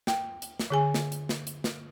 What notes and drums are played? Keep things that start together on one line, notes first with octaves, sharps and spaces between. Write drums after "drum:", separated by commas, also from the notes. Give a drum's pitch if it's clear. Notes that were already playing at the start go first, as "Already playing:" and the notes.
G5, drum: snare
drum: hi-hat
drum: snare
D3 G#4 G#5
drum: snare
drum: hi-hat
drum: snare
drum: hi-hat
drum: snare